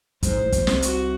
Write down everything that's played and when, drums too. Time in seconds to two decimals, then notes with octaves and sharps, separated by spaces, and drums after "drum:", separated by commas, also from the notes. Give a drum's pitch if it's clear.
0.23 G#1 G#2 C5, drum: kick, hi-hat
0.37 A1 A2
0.52 B1 B2, drum: kick, hi-hat
0.67 C2 C3, drum: snare
0.82 F#4, drum: hi-hat